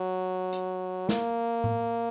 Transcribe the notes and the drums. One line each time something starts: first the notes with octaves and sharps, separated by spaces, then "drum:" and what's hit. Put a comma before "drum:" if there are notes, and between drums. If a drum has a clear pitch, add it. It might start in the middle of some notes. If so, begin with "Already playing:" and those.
Already playing: F#3
drum: hi-hat
A#3, drum: snare
drum: tom A2